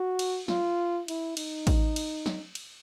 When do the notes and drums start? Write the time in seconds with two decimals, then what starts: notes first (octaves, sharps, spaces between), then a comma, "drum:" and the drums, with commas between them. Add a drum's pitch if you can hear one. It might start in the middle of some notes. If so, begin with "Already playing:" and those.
Already playing: F#4
0.19 drum: cymbal
0.48 F4, drum: snare
1.08 E4, drum: cymbal
1.37 D#4, drum: cymbal
1.67 drum: kick A1, cymbal
1.96 drum: cymbal
2.26 drum: snare
2.55 drum: cymbal